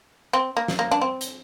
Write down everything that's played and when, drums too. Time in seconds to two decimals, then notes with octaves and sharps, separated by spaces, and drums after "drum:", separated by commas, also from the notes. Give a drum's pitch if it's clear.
0.33 C4
0.57 A#3
0.68 drum: snare
0.79 A#3
0.91 D4
1.01 C4
1.21 drum: hi-hat